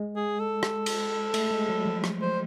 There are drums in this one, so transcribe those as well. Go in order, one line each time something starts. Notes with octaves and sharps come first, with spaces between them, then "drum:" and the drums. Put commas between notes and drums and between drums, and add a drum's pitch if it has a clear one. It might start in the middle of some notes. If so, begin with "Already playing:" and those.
Already playing: G#3
G#4
A4
drum: rim click
drum: cymbal
A3, drum: cymbal
G#3
F#3
F3
drum: rim click
C5